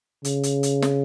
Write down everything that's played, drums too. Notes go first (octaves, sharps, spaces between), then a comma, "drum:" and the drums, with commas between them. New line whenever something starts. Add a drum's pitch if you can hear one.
C#3, drum: hi-hat
drum: hi-hat
drum: hi-hat
drum: snare